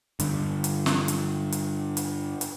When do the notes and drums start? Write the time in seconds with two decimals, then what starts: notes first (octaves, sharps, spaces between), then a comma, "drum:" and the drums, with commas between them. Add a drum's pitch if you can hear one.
0.20 G2 D3, drum: hi-hat
0.64 drum: hi-hat
0.86 drum: snare
1.08 drum: hi-hat
1.52 drum: hi-hat
1.97 drum: hi-hat
2.41 drum: hi-hat